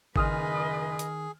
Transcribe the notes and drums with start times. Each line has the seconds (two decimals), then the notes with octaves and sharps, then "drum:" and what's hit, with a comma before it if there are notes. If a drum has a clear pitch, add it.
0.16 F#1 D#3 G#4 B4 D#5 D#6 F6, drum: kick G#1
0.99 drum: hi-hat